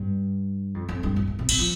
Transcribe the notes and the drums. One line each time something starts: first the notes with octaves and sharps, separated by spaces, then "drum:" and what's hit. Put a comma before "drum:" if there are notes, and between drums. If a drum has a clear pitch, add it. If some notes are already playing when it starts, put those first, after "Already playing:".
Already playing: G2
F2
F2
G2
G2
G2
C3
C3, drum: cymbal
F3